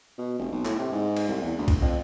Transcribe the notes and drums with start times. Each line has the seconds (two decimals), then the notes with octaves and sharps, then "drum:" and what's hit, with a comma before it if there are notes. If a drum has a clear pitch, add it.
0.18 B2
0.39 F1
0.52 B1
0.65 A2, drum: clap
0.79 C3
0.92 G#2
1.16 drum: cymbal
1.29 C2
1.42 E2
1.58 D2
1.68 drum: kick B1, cymbal
1.81 F2